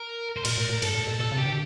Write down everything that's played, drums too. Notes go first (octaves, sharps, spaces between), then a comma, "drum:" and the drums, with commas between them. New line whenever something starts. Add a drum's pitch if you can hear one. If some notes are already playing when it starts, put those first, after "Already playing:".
Already playing: A#4
C5
A#2 A#4, drum: cymbal
A2
A2
G2 A4, drum: cymbal
A2
A#2
A#2 A4
C3
G4
D3